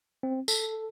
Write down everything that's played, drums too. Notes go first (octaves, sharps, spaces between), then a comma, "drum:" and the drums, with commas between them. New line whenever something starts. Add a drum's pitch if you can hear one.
C4
A4, drum: tambourine